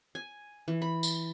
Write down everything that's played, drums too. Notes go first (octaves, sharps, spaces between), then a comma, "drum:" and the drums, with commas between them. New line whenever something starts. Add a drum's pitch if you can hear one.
G#5
E3
B5
drum: tambourine